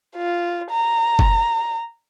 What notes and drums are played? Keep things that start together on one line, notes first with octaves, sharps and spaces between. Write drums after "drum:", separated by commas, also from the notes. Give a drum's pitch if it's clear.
F4
A#5
drum: kick F#1